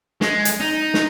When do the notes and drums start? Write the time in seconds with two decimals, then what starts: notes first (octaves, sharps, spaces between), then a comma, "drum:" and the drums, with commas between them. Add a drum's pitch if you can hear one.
0.21 G#3, drum: snare
0.45 drum: hi-hat
0.60 D#4
0.94 drum: snare